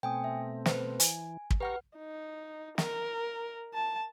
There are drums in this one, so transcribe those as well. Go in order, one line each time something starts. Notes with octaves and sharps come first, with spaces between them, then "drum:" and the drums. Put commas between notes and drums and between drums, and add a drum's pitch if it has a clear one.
B2 A3 C4 G5 G#5 D#6
E5
B4 C5, drum: snare
E3 G#5, drum: hi-hat
drum: kick
G4 B4 F#5 A#5 C#6 F6
D#4
A#4, drum: snare
A5